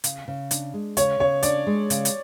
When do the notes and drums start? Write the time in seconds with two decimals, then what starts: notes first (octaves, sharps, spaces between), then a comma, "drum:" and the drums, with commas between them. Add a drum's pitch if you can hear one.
0.04 C#3, drum: hi-hat
0.28 C#3
0.51 D4, drum: hi-hat
0.74 G#3
0.97 C#3 C#5, drum: hi-hat
1.20 C#3 C#5
1.43 D4 D5, drum: hi-hat
1.67 G#3
1.90 C#3, drum: hi-hat
2.05 drum: hi-hat